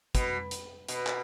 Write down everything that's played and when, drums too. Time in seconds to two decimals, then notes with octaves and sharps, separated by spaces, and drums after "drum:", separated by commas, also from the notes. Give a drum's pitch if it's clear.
0.15 B2, drum: kick, hi-hat
0.51 drum: hi-hat
0.89 B2, drum: hi-hat
1.07 drum: clap